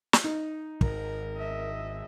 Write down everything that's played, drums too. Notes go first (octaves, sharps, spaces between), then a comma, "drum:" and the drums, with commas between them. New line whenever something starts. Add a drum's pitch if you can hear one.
drum: snare
D#4
G#1 A#4, drum: kick
D#5 E5